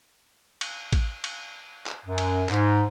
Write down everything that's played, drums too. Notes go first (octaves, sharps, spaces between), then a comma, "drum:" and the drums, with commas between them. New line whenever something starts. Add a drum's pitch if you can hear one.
drum: cymbal
drum: kick, cymbal
drum: cymbal
drum: clap
F#2
drum: cymbal
G#2, drum: clap